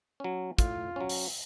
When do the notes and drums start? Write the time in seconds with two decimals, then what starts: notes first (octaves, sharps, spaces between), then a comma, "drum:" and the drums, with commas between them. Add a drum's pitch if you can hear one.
0.20 F#3 C#4
0.58 A2 F4, drum: kick, hi-hat
0.96 F#3 C#4
1.09 drum: open hi-hat